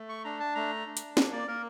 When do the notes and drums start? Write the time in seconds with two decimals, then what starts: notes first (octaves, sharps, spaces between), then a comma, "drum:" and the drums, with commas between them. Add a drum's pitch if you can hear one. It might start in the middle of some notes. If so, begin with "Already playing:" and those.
Already playing: A3
0.09 C#6
0.25 D4 A#5
0.40 A5
0.55 A3 A#5
0.86 D4
0.97 drum: hi-hat
1.17 A#3, drum: snare
1.33 D5
1.48 A#3 A#4